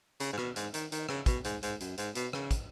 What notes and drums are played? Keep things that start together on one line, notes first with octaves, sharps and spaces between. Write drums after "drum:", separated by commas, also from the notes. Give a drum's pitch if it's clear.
C#3, drum: hi-hat
G#2
B2, drum: rim click
G#2, drum: hi-hat
D#3, drum: hi-hat
D#3, drum: hi-hat
C#3, drum: rim click
B2, drum: kick, hi-hat
G#2, drum: hi-hat
G#2, drum: hi-hat
F#2, drum: hi-hat
G#2, drum: hi-hat
B2, drum: hi-hat
C#3, drum: rim click
drum: kick, hi-hat